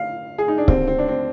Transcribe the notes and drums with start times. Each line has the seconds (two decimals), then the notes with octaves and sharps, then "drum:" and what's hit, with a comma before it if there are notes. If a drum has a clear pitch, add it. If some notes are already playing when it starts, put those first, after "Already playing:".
Already playing: F5
0.38 G#4
0.48 D#4
0.58 D4
0.68 D#2 D3 C4, drum: kick C#1
0.88 C4
0.98 D4
1.08 C4